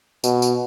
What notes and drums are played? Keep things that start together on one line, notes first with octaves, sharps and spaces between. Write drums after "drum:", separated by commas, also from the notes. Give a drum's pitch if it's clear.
B2, drum: tambourine
drum: tambourine